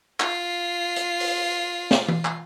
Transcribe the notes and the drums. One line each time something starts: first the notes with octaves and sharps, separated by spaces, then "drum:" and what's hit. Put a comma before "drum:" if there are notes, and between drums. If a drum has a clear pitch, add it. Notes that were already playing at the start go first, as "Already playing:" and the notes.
F4 C7, drum: clap
drum: hi-hat
drum: open hi-hat
drum: snare
drum: tom E3
drum: clap